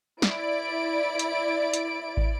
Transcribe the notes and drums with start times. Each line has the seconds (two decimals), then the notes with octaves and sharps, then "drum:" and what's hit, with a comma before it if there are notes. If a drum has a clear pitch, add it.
0.22 E4 D5 D7, drum: snare
1.19 drum: hi-hat
1.74 drum: hi-hat
2.17 drum: kick